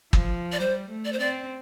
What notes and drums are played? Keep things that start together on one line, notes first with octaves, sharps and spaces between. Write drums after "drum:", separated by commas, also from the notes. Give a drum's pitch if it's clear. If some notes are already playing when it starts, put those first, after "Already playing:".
F3, drum: kick
D5
G3 C5
A3
D5
C5
C4 D5